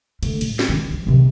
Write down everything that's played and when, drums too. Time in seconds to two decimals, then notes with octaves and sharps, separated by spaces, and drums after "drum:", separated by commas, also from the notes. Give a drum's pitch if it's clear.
0.23 D3 A3, drum: cymbal
0.41 A2, drum: cymbal
0.59 drum: snare
0.69 D#3 D4
0.90 E3 G3
1.07 C3 D#3